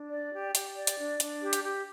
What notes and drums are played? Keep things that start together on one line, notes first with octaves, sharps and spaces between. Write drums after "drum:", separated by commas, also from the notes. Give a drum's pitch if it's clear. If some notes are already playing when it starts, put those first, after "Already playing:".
Already playing: D4
D5
G4
G4, drum: hi-hat
D5
drum: hi-hat
D4
D4, drum: hi-hat
G4
drum: hi-hat
G4